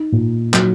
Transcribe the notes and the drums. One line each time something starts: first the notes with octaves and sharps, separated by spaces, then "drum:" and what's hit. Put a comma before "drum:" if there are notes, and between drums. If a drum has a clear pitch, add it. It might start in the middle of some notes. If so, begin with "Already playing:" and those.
Already playing: D#4
A#2
F#3, drum: clap